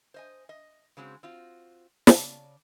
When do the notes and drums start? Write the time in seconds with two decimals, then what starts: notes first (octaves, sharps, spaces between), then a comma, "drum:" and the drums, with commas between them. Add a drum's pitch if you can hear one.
0.14 C5 D#5 G#5
0.49 D#5
0.97 C#3 G#3 C4 F#4
1.23 C4 F4 F#4
2.07 C#3 D5 A5, drum: snare